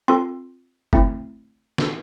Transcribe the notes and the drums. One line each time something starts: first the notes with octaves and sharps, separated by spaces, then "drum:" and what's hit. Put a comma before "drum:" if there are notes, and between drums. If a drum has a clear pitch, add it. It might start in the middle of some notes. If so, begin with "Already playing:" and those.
C4 F4 A4 C6
A3 C4 E4, drum: kick
D4 F#4 A4, drum: snare